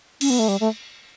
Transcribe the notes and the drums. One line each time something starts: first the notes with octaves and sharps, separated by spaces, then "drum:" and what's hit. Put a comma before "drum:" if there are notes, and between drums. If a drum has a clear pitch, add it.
C#4, drum: cymbal
B3
A3
G3
A3